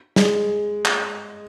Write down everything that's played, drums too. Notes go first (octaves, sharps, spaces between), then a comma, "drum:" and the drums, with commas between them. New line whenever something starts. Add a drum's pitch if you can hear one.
G#3, drum: snare
drum: clap